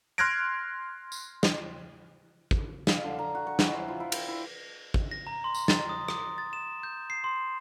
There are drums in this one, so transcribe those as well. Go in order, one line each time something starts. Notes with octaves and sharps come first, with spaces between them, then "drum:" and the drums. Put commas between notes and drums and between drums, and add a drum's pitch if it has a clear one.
C6 F6 F#6 G#6 A#6 D7
drum: tambourine
drum: snare
drum: kick
F5, drum: snare
D3
A#5
F#4
C#6
E3, drum: snare
C5
F4
E4
G5, drum: cymbal
E4
drum: kick
A#6
A#5
C6
drum: tambourine
A6, drum: snare
D#6
D#6, drum: rim click
A6
E7
G6
C7
C6